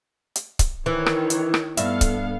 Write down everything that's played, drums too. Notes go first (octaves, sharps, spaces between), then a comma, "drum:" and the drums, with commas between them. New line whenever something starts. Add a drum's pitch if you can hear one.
drum: hi-hat
drum: kick C#1, hi-hat
D#3 E3 C#5
drum: rim click
drum: hi-hat
drum: rim click
G2 B3 A4 E5 F5, drum: hi-hat
drum: kick C#1, hi-hat